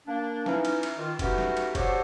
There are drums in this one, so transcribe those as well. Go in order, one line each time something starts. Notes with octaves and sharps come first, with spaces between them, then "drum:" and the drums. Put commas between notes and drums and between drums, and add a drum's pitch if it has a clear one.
A#3 D4
E3 C#4 D#4, drum: snare
drum: cymbal
drum: cymbal
D#3 F4
A3 B3 C#4 D#4 F#4 G4, drum: kick F1, cymbal
drum: snare
drum: cymbal
D4 F#4 G4 A4 C5 C#5, drum: kick F1, cymbal